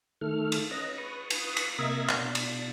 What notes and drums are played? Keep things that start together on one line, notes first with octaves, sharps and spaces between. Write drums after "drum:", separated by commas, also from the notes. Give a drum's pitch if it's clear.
D#3 A3 A4 F6
drum: cymbal
C#4 B4 D#5 A#5
B4 C#6 D#6
drum: cymbal
drum: cymbal
C3 A#3 A#4 D#5 E5 G#6
B2 D4, drum: clap
drum: cymbal